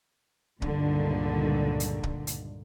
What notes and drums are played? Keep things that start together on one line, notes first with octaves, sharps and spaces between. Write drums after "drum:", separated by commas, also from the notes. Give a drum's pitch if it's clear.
C#2 G2 A#2 D3 D#3, drum: kick
drum: hi-hat
drum: kick
drum: hi-hat